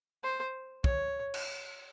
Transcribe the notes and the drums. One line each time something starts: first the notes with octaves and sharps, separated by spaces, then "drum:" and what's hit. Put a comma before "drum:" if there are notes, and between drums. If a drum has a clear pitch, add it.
C5
C#5, drum: kick
drum: cymbal